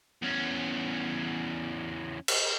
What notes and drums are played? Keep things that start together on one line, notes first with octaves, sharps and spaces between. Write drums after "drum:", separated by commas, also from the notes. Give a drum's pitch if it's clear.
E2 C#4
drum: cymbal